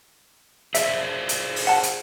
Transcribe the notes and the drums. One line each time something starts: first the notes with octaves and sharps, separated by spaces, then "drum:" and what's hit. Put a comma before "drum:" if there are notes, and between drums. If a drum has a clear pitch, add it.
G#4 C5 D5 E5, drum: hi-hat
drum: hi-hat
drum: open hi-hat
F#5 A5
drum: hi-hat